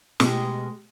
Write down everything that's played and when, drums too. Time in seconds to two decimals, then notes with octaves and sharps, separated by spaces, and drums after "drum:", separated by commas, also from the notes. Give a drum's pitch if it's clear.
0.20 B2 G#3 G4, drum: snare